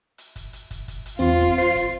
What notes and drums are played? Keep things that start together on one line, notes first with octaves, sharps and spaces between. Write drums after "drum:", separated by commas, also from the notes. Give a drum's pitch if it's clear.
drum: hi-hat
drum: kick, hi-hat
drum: hi-hat
drum: kick, hi-hat
drum: kick, hi-hat
drum: hi-hat
E2 C4 F4
drum: kick, hi-hat
C5 C7, drum: hi-hat
drum: kick, hi-hat